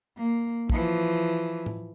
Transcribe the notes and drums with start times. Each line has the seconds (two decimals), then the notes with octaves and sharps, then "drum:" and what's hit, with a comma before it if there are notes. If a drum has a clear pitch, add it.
0.18 A#3
0.70 E3 F3, drum: kick
1.66 drum: tom A2